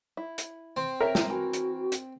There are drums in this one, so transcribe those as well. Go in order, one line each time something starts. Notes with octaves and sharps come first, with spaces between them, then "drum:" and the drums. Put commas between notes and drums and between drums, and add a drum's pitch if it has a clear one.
E4
drum: hi-hat
C4
A#4 C#5 E5
drum: snare
E3 F#4
drum: hi-hat
drum: hi-hat